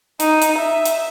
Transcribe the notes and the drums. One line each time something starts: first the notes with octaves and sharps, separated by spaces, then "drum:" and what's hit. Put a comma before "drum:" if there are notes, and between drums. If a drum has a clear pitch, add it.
D#4, drum: hi-hat
drum: hi-hat
E5
drum: hi-hat